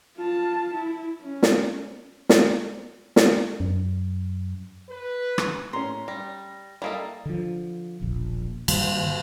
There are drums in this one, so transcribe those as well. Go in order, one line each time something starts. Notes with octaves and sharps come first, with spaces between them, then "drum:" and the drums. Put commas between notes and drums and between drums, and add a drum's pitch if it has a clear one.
F4 A5
E4
C#4
drum: snare
drum: snare
drum: snare
F#2
B4
drum: rim click
A2 C#4 A#5 C6
G3 A#6
G3 A#3 E4 A4 D#5 A#5
D3 F3
E1 A#1
G2 D#3 G3 A#3, drum: cymbal
D3